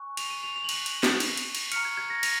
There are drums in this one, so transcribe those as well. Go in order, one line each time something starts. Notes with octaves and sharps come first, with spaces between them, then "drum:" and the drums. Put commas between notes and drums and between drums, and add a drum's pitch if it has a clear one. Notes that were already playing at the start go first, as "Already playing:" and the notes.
Already playing: G#5 C#6 F#6
F7, drum: cymbal
D#7
F7
F7
F#7
B5 F#6 F7, drum: cymbal
drum: cymbal
drum: snare
drum: cymbal
drum: cymbal
drum: cymbal
A#5 C#6 F6 C#7, drum: cymbal
G#6
G#6
A#6
A#6, drum: cymbal